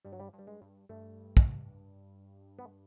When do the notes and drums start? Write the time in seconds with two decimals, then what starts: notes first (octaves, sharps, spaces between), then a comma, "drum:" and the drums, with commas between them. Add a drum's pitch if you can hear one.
0.05 G2 G3
0.13 F#3
0.20 G3
0.33 G2
0.39 G3
0.47 G#3
0.61 G2
0.89 G2 A3
1.37 drum: kick
2.59 B3